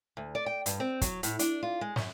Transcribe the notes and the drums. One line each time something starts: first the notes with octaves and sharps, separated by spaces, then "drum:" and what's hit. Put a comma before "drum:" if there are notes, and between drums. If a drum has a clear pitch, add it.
D2
D5
G5
G2, drum: hi-hat
C4
F#3, drum: kick, hi-hat
A2, drum: hi-hat
D4, drum: hi-hat
F4
G#3
F#2, drum: snare